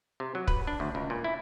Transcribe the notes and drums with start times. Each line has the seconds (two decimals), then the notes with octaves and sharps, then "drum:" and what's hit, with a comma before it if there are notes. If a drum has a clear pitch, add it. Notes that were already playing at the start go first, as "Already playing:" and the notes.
0.20 C3
0.35 F#3
0.48 B4, drum: kick
0.67 D4
0.80 D2
0.95 C#2
1.10 A#2
1.24 E4